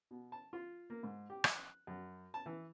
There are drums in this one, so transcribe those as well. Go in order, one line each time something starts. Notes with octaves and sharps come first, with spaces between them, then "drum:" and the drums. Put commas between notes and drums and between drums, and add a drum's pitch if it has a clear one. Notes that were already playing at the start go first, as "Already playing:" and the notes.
B2
A5
F4
A#3
G#2
G4
drum: rim click
F#6
F#2
A5
E3